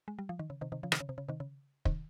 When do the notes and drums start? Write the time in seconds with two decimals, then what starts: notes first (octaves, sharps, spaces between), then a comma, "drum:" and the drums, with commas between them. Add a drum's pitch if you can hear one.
0.08 G#3
0.19 G3
0.29 F3
0.39 D#3
0.50 C#3
0.61 C3 D#3
0.72 C3 D#3
0.83 C#3 F3
0.92 C3 D#3, drum: rim click
1.00 C#3
1.09 C3
1.18 C#3
1.28 C3 D#3
1.40 C#3
1.85 C3 D#3, drum: kick